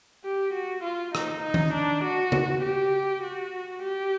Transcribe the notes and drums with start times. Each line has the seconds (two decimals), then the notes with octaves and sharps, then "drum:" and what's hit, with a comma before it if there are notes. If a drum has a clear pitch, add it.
0.25 G4
0.54 F#4
0.84 F4
1.15 D#4, drum: rim click
1.43 D#4
1.54 drum: tom D#3
1.74 D4
2.04 F#4
2.32 drum: tom C#3
2.63 G4
3.23 F#4
3.83 G4